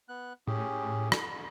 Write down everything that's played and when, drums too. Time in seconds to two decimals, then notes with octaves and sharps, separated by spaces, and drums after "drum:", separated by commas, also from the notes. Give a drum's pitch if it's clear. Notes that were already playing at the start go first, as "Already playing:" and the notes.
0.09 B3 F#6
0.47 A2 C#4 G4 G#4
1.12 drum: rim click